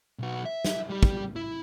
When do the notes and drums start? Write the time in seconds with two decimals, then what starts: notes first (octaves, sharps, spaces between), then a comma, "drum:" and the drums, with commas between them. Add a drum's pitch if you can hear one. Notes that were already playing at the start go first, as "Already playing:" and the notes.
0.19 B1 F#4
0.46 E5
0.65 drum: snare
0.90 G3 G4
1.03 drum: kick
1.36 E4